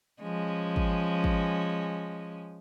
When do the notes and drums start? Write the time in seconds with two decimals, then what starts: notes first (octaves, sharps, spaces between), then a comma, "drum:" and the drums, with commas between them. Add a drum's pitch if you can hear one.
0.21 F3 G#3 C#4
0.76 drum: kick
1.24 drum: kick